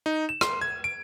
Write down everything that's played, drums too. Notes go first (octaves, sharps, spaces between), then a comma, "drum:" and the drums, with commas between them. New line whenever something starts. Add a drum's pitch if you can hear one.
D#4
E7
C6, drum: rim click
G#6
D7